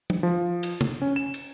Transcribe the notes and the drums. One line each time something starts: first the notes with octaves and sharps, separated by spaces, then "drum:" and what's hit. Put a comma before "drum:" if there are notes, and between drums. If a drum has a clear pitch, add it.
drum: tom F3
F3
drum: cymbal
drum: tom C3
C#4
E7
drum: cymbal